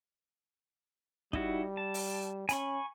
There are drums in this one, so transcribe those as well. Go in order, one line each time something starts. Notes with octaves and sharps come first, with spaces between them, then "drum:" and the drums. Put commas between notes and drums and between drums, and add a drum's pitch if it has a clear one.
G3 D#4 E4 F#4, drum: kick
A5
drum: open hi-hat
C#4 G#5 B5 C#6, drum: hi-hat